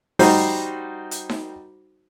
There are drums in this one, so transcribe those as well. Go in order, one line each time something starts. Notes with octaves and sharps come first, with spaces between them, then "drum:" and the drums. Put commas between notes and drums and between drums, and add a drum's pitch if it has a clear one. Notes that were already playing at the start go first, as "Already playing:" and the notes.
G3 D#4 F#4 C5, drum: open hi-hat
drum: hi-hat
drum: snare D#4